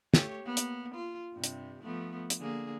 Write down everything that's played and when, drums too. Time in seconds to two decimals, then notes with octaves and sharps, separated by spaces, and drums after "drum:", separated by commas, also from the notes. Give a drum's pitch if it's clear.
0.14 A3 G4 C#5, drum: snare
0.43 A#3 B3
0.57 drum: hi-hat
0.95 F4
1.33 G2 C3
1.44 drum: hi-hat
1.82 F3 A3 B3
2.30 drum: hi-hat
2.40 D3 A#3 G#4